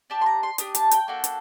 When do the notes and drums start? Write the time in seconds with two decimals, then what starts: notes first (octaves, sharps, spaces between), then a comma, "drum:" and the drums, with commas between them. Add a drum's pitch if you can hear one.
0.10 D4 G4 A5
0.21 C6
0.26 A#5
0.43 C6
0.58 D4 G4 D#6, drum: hi-hat
0.75 A5, drum: hi-hat
0.91 G5, drum: hi-hat
1.08 A#3 D4 F#4 A4
1.24 drum: hi-hat